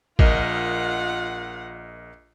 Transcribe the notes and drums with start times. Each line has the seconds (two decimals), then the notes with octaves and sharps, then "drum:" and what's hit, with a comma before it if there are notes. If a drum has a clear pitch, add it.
0.19 A#1 F4 A#4 D#5 F#5, drum: kick